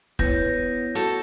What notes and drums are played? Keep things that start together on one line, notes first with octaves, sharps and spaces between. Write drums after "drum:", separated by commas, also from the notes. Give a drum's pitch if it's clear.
B3 E4 C#5 G6 A#6, drum: kick
F#4 A4, drum: hi-hat